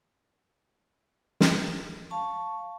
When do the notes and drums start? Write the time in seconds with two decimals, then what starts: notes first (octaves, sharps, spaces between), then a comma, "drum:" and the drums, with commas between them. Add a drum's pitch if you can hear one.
1.41 drum: snare
2.10 F5 A5 C#6